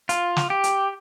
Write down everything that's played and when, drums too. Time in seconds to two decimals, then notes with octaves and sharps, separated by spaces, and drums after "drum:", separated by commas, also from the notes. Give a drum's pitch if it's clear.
0.09 F4, drum: hi-hat
0.37 drum: snare
0.50 G4
0.64 drum: hi-hat